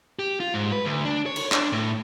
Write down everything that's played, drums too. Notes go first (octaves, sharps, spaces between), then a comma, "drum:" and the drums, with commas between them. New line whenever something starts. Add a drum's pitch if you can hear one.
G4
F4
G#2
B4
D2
D4
C#5
drum: cymbal
D4, drum: clap
A2